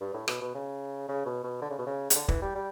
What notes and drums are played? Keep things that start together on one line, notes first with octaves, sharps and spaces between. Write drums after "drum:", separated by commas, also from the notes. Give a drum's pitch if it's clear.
G2
A2
B2, drum: rim click
B2
C#3
C#3
B2
B2
D3
C#3
B2
C#3
C#3, drum: hi-hat
D3
E3, drum: kick
G3
G3